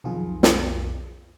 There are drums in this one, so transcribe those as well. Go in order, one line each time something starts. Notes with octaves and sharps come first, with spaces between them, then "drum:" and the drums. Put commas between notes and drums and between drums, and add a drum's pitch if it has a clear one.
B1 F2 D#3 F3 F4 G#4
drum: snare